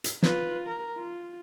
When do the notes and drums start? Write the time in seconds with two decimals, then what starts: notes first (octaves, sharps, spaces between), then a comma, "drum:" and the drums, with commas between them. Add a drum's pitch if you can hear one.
0.04 drum: hi-hat
0.23 F4 B4, drum: snare
0.67 A#4
0.97 F4